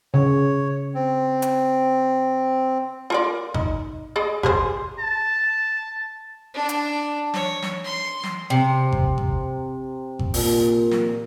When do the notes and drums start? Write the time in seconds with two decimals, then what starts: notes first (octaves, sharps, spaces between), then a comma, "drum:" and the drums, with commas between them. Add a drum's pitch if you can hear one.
0.14 C#3 C#5
0.94 C4
1.42 drum: hi-hat
3.10 F4 A#4 D5
3.54 D#4, drum: kick G#1
4.16 G#4 D5 D#5
4.43 G4 G#4 C5, drum: kick G#1
4.99 A5
6.54 D4
6.69 drum: hi-hat
7.34 C#5, drum: snare
7.62 drum: snare
7.84 C6
8.23 drum: snare
8.50 C3
8.92 drum: kick G#1
9.18 drum: kick G#1
10.19 drum: kick G#1
10.34 A#2, drum: open hi-hat
10.91 drum: snare